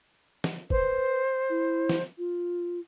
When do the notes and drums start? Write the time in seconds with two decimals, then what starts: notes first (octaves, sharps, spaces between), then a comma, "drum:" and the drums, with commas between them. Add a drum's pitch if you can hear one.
0.44 drum: snare
0.70 B4 C5, drum: kick
1.50 E4
1.89 drum: snare
2.18 F4